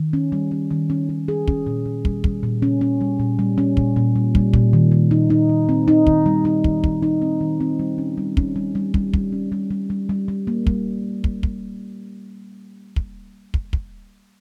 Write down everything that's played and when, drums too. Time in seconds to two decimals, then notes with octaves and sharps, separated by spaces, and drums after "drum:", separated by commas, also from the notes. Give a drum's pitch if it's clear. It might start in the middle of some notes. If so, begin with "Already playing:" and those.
Already playing: D#3
0.13 C#4
0.32 G3
0.51 C#4
0.71 D#3
0.90 C#4
1.09 C#4
1.28 G#4
1.48 C#4, drum: kick
1.67 A#2
1.86 A#2
2.05 G3, drum: kick
2.24 G3, drum: kick
2.43 A#2
2.62 C#4
2.81 C#4
3.01 G3
3.20 A#2
3.39 G3
3.58 C#4
3.77 A#2, drum: kick
3.96 A#2
4.15 G3
4.35 G3, drum: kick
4.53 A#2, drum: kick
4.73 D#3
4.92 D#3
5.11 D#4
5.30 D#4
5.49 D#3
5.69 C4
5.88 D#4
6.07 D#3, drum: kick
6.26 G3
6.45 D#4
6.64 D#3, drum: kick
6.84 D#3, drum: kick
7.03 D#4
7.22 C4
7.41 D#3
7.60 C4
7.79 G3
7.98 C#4
8.18 G3
8.37 C#4, drum: kick
8.56 G3
8.75 G3
8.94 G3, drum: kick
9.13 G3, drum: kick
9.32 C#4
9.52 G3
9.71 G3
9.90 G3
10.09 G3
10.28 G3
10.47 A#3
10.67 G3, drum: kick
11.24 drum: kick
11.43 drum: kick
12.96 drum: kick
13.54 drum: kick
13.73 drum: kick